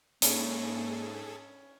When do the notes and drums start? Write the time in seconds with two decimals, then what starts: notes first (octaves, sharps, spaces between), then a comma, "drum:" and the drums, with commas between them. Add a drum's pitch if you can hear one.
0.22 G#2 A#3 C#4 G#4 A4, drum: hi-hat